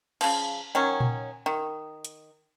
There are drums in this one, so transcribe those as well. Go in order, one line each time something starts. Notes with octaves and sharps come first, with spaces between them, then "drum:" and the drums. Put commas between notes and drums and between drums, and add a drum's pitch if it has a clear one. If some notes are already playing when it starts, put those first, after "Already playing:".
C#3 F3, drum: cymbal
D#3 F#3 C#4
drum: tom A#2
D#3
drum: hi-hat